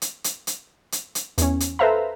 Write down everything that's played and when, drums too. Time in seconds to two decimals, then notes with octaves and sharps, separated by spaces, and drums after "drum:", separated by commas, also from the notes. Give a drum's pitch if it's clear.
0.02 drum: hi-hat
0.24 drum: hi-hat
0.47 drum: hi-hat
0.92 drum: hi-hat
1.15 drum: hi-hat
1.38 E2 C#4, drum: hi-hat
1.60 drum: hi-hat
1.79 A4 B4 C5 E5 F5 A#5